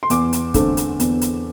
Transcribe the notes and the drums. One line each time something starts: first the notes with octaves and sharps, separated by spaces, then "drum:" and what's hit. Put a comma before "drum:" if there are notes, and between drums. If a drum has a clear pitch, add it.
C6
E2 D6, drum: hi-hat
drum: hi-hat
D3 A3 C4, drum: kick, hi-hat
drum: hi-hat
E2, drum: hi-hat
drum: hi-hat